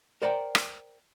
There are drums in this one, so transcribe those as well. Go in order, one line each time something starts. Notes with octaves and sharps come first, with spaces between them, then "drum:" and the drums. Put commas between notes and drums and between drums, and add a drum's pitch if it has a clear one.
A#4 C5 D5 F#5 G5 A#5
drum: rim click